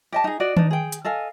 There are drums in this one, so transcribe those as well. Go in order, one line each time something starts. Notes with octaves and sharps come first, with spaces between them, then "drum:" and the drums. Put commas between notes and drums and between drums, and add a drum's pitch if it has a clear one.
G4 D#5 A5
D#4 G#4
F#4 D5 D#5
D4 D#4, drum: tom D#3
G#4 G5
drum: hi-hat
A4 D#5 F5 G#5